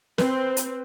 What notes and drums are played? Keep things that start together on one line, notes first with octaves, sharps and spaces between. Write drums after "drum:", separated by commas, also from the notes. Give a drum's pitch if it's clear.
C4 B4, drum: snare
drum: hi-hat